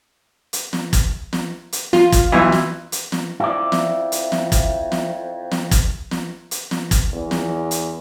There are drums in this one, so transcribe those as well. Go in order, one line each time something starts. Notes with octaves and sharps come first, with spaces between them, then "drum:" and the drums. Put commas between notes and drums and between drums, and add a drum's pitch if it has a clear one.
drum: hi-hat
drum: snare
drum: kick, hi-hat
drum: snare
drum: hi-hat
F4, drum: snare
drum: kick, hi-hat
B1 B2 E3
drum: snare
drum: hi-hat
drum: snare
F2 E4 D5
drum: snare
drum: hi-hat
drum: snare
drum: kick, hi-hat
drum: snare
drum: snare
drum: kick, hi-hat
drum: snare
drum: hi-hat
drum: snare
drum: kick, hi-hat
E2
drum: snare
drum: hi-hat